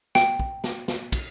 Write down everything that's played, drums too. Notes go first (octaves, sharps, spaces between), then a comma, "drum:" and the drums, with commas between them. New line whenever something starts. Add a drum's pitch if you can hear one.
G5, drum: snare
drum: kick
drum: snare
drum: snare
drum: kick, cymbal